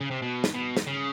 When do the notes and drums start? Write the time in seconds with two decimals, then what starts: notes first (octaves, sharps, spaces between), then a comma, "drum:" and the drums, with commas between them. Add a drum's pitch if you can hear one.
0.01 C#3
0.11 C3
0.22 B2
0.44 drum: snare
0.54 B2
0.77 drum: snare
0.87 C#3